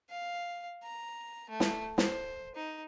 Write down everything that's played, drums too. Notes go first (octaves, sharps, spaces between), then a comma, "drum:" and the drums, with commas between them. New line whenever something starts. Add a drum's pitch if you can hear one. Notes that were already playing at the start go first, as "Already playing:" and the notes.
F5
A#5
A3
drum: snare
C5, drum: snare
D#4